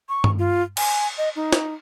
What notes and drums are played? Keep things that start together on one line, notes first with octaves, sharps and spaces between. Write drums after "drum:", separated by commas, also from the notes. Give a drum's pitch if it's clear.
C#6
drum: tom G2
F4
G#5, drum: cymbal
D#5
D#4
drum: snare